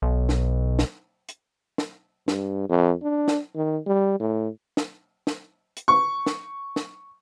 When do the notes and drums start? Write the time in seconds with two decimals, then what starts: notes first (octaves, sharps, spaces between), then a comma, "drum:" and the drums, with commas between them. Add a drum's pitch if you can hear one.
0.02 B1
0.29 drum: snare
0.79 drum: snare
1.29 drum: hi-hat
1.78 drum: snare
2.28 G2, drum: snare
2.69 F2
3.03 D4
3.28 drum: snare
3.55 D#3
3.86 G3
4.19 A2
4.77 drum: snare
5.27 drum: snare
5.77 drum: hi-hat
5.88 C#6
6.26 drum: snare
6.76 drum: snare